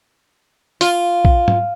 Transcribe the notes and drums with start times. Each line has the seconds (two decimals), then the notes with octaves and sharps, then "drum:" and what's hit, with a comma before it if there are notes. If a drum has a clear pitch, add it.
0.81 F4, drum: hi-hat
1.25 drum: kick A#1
1.48 drum: tom